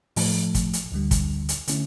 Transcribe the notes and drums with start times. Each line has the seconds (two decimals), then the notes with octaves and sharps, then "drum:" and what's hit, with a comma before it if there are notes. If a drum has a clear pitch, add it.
0.16 A2 F3 A3, drum: open hi-hat
0.55 drum: kick, hi-hat
0.73 drum: hi-hat
0.92 D2 D3 G3
1.11 drum: kick, hi-hat
1.49 drum: hi-hat
1.68 D3 A3 C#4 E4, drum: hi-hat